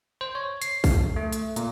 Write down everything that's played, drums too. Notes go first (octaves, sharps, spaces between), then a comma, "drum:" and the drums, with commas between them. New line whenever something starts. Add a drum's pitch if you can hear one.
C5
C#5
C7, drum: hi-hat
drum: kick, open hi-hat
A3
drum: hi-hat
A#2, drum: hi-hat